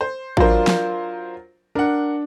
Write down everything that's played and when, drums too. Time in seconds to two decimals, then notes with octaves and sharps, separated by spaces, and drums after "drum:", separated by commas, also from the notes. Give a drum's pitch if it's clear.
0.01 C5
0.37 F#3 D4 F4 A#4 C5, drum: kick A1
0.67 drum: snare
1.75 D4 A#4 F#5